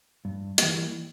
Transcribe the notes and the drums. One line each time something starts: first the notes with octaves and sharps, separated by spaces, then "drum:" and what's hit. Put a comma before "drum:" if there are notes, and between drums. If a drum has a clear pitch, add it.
G2
E3 G3 A#3, drum: hi-hat